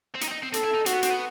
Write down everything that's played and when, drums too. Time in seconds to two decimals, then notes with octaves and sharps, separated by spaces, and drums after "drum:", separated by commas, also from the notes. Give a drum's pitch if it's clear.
0.15 C4
0.21 D#4, drum: hi-hat
0.28 C4
0.32 D#4
0.43 C4
0.54 C4 A4, drum: hi-hat
0.65 E4
0.75 D#4
0.86 C4 F#4, drum: hi-hat
0.94 B3
1.03 C4, drum: hi-hat
1.10 B3